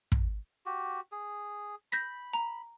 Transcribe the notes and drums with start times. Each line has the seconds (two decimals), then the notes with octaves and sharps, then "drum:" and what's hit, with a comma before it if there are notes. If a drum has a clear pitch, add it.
0.12 drum: kick
0.66 F#4 G4
1.12 G#4
1.92 B5 G6 A#6 B6
2.33 A#5